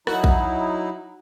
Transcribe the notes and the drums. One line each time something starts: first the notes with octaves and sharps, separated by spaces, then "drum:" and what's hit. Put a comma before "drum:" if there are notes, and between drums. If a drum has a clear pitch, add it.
F#3 D#4 E4 F#4, drum: rim click
drum: kick A#1